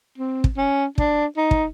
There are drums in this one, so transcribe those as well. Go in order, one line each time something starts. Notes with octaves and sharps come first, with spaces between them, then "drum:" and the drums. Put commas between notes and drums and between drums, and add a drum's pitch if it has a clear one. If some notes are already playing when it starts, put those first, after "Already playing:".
C4
drum: kick
C#4
D4, drum: kick
D#4
drum: kick